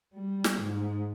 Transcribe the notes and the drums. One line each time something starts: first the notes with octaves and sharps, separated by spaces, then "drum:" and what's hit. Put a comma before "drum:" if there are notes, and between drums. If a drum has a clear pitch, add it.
G3
drum: snare
G#2